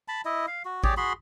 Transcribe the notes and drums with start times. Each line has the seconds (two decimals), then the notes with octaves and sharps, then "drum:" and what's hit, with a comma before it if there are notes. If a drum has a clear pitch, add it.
0.08 A5 B5
0.25 E4 D#5
0.48 F5
0.65 F#4
0.84 G4 G#4 C#5 D5, drum: kick A1
0.97 F#4 G#4 B5 C6